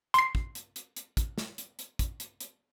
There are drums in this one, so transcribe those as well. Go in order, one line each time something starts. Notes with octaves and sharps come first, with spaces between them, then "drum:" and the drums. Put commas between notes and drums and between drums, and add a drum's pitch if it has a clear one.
C6 C7, drum: hi-hat
drum: kick
drum: hi-hat
drum: hi-hat
drum: hi-hat
drum: kick, hi-hat
drum: snare
drum: hi-hat
drum: hi-hat
drum: kick, hi-hat
drum: hi-hat
drum: hi-hat